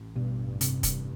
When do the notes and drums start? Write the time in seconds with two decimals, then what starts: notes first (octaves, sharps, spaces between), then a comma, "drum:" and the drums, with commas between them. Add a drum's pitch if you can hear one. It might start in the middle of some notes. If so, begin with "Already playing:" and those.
Already playing: A1
0.15 G2 B2
0.61 A1 C3, drum: hi-hat
0.83 drum: kick, hi-hat